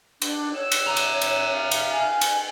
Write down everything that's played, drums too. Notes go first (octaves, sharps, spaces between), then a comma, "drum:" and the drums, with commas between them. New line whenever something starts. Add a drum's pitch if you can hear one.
D4, drum: cymbal
C#5 E6
drum: cymbal
E5 A#5
drum: cymbal
drum: cymbal
F5
drum: cymbal
G#5
drum: cymbal